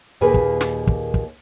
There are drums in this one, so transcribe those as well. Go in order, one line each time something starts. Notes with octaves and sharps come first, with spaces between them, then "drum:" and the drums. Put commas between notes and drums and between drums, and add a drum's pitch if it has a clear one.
D#2 A#2 A#3 G#4 B4
drum: kick
drum: snare
drum: kick
drum: kick